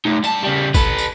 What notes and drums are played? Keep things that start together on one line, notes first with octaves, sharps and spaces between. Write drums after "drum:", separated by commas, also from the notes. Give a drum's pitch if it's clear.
A3 D#4
G3 A5, drum: tambourine
C#3 G3
A4 B4, drum: kick A1, tambourine
drum: tambourine